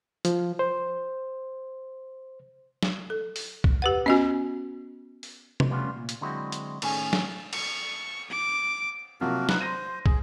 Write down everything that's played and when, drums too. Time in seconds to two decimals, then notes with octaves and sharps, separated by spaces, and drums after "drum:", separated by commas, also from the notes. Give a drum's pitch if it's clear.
0.25 F3, drum: hi-hat
0.59 C5
2.83 drum: snare
3.10 A4
3.36 drum: open hi-hat
3.64 drum: kick
3.82 G4 B4 F#5
4.06 B3 C#4 F#4 D#5 G#5
5.23 drum: open hi-hat
5.60 drum: tom C3
5.70 F3 G3 A3 B3 C#4 F4
5.96 A#2
6.09 drum: hi-hat
6.21 D3 F#3 G#3 C4 E4 F#4
6.52 drum: hi-hat
6.82 A2 D#3 A3 C#4 G#4 G#5, drum: cymbal
7.13 drum: snare
7.53 C#6, drum: cymbal
8.30 D6
9.21 C3 F3 F#3 A#3 F#4 A#4
9.49 D#4 B4, drum: snare
9.61 C5 C6 A#6 D#7
10.06 G#4, drum: kick